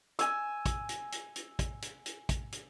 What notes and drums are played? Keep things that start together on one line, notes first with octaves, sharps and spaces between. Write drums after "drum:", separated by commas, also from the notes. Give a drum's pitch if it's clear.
G#5 E6, drum: hi-hat
drum: kick, hi-hat
drum: hi-hat
drum: hi-hat
drum: hi-hat
drum: kick, hi-hat
drum: hi-hat
drum: hi-hat
drum: kick, hi-hat
drum: hi-hat